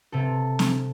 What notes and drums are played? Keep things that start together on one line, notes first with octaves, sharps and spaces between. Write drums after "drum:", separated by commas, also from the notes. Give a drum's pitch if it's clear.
C3 A4
drum: snare C4